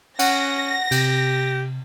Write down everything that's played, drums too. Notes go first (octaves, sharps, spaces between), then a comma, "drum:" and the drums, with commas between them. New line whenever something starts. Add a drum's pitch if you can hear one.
C#4 F#5 A#6, drum: cymbal
C3 G4, drum: cymbal